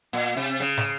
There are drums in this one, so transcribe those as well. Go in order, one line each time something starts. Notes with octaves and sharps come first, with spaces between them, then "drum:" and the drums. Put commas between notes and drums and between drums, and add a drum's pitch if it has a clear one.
A#2
C3
C#3
drum: snare